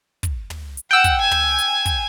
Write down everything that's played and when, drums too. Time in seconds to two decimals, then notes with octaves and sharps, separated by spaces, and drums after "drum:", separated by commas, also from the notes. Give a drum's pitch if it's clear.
0.23 drum: kick, hi-hat
0.50 drum: tom
0.77 drum: hi-hat
0.91 F#5 G5 E6
1.04 drum: kick, hi-hat
1.21 G#5
1.31 drum: tom
1.58 drum: hi-hat
1.86 drum: kick, hi-hat